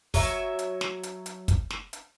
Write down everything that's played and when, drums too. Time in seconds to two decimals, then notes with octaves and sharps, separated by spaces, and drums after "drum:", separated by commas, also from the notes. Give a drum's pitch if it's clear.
0.14 F#3 C#5 E5, drum: kick, open hi-hat
0.59 drum: hi-hat
0.81 drum: snare
1.03 drum: hi-hat
1.26 drum: hi-hat
1.48 drum: kick, hi-hat
1.70 drum: snare
1.93 drum: hi-hat